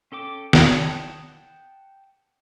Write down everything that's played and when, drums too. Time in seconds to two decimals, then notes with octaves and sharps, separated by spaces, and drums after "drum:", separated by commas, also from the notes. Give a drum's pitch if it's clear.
0.12 C#4 A4 G5 D6
0.53 F#5 G5 A5 D#6, drum: snare